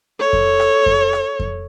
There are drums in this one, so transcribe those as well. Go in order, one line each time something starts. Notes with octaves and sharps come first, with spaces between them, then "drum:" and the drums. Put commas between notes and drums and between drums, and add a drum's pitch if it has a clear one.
A4 C#5
drum: kick F2
drum: rim click
drum: kick F2
drum: rim click
drum: kick F2